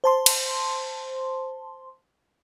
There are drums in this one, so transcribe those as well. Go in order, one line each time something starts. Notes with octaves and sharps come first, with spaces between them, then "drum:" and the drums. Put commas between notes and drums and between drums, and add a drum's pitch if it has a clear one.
C5 A5 C6
drum: cymbal